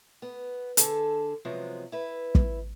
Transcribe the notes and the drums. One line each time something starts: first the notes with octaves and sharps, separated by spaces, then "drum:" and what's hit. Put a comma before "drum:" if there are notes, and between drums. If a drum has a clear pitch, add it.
B3
D3 G#4 A4, drum: hi-hat
C3 F3 F#3 G#3 B3
E4 B4
drum: kick